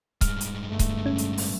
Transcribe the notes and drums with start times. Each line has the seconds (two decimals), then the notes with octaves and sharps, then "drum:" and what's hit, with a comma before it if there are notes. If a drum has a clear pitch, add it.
0.21 G2 G#3 F6, drum: kick C#1, hi-hat
0.41 drum: hi-hat
0.68 G1 A3
0.79 drum: kick C#1, hi-hat
1.06 C#4
1.18 drum: hi-hat
1.38 drum: open hi-hat